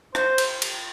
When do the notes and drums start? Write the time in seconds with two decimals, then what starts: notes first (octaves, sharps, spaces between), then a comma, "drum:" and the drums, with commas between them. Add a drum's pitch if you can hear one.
0.15 C5, drum: rim click
0.38 drum: cymbal
0.62 drum: cymbal